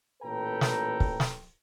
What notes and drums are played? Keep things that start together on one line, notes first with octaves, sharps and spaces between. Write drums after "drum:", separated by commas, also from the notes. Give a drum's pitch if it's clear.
A1 A#2 A4 B4 G5 A#5
drum: snare
drum: kick
drum: snare